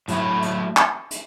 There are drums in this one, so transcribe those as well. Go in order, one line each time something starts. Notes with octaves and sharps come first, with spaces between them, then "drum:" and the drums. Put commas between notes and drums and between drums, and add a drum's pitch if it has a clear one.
A2 F#3 A3 E4, drum: hi-hat
drum: hi-hat
drum: clap
drum: hi-hat